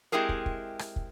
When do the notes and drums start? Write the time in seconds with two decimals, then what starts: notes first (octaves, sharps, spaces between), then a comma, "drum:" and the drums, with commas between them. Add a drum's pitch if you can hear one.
0.12 G#3 C4 E4 G4 G#4 A#4
0.29 drum: kick
0.46 drum: kick
0.79 drum: rim click
0.96 drum: kick